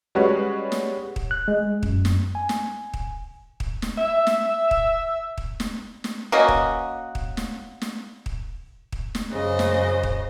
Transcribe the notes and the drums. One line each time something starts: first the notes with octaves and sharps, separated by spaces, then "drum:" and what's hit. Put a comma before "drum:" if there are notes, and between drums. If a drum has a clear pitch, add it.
G3 G#3 C#4 F#4 B4 C#5
drum: snare
drum: kick
F#6
G#3
F#2, drum: kick
drum: snare
G#5
drum: snare
drum: kick
drum: kick
drum: snare
E5
drum: snare
drum: kick
drum: kick
drum: snare
drum: snare
A#3 C#4 F#4 D#5
drum: kick
drum: kick
drum: snare
drum: snare
drum: kick
drum: kick
drum: snare
F#2 C#3 C5 D#5
drum: snare
drum: kick